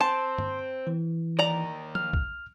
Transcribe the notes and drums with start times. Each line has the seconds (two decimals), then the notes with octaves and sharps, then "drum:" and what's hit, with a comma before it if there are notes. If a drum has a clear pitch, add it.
0.01 C4 A5 C6
0.38 drum: tom G2
0.87 E3
1.39 D#2 A#4 D5 A#5
1.95 F6, drum: tom F3
2.13 drum: kick